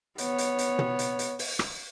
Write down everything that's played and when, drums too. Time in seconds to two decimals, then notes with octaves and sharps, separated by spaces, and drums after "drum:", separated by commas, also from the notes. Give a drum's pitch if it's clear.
0.18 B3 C#5, drum: hi-hat
0.38 drum: hi-hat
0.58 drum: hi-hat
0.79 drum: tom
0.99 drum: hi-hat
1.19 drum: hi-hat
1.39 drum: open hi-hat
1.59 drum: rim click